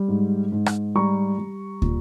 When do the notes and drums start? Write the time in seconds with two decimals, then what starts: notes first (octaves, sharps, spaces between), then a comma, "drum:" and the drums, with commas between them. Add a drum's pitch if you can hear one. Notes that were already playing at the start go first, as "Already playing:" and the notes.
Already playing: G3
0.08 G#2
0.52 G#2
0.66 drum: rim click
0.95 G3 A#5 C#6
1.38 G3
1.82 A#2, drum: kick